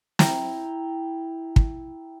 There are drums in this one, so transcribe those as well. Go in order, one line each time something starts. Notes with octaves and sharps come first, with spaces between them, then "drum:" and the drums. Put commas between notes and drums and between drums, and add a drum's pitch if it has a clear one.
E4 G5 A#5, drum: snare
drum: kick